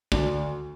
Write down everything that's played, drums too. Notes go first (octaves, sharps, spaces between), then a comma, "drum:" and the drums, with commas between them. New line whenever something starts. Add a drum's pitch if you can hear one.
D2 D4, drum: kick